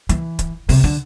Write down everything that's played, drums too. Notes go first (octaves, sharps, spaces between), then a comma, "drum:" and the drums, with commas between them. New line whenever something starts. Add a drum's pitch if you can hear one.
E3, drum: hi-hat
drum: kick, hi-hat
C3, drum: open hi-hat
D3